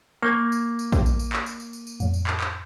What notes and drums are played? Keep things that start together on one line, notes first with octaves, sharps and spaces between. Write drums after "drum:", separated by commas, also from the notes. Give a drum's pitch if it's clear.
A#3 C#6 G6 G#6
drum: tambourine
drum: tambourine
drum: kick, tambourine
drum: tambourine
drum: tambourine
drum: clap
drum: tambourine
drum: tambourine
drum: tambourine
drum: tambourine
F2 A2, drum: tambourine
drum: tambourine
drum: clap
drum: clap